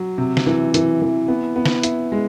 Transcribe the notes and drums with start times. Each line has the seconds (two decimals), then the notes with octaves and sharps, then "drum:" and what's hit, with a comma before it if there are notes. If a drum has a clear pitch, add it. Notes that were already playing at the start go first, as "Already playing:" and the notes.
Already playing: F#3
0.18 C3
0.37 drum: snare
0.46 E3
0.74 E3, drum: hi-hat
1.02 E3
1.28 B3
1.56 B3
1.66 drum: snare
1.83 E4, drum: hi-hat
2.12 G#3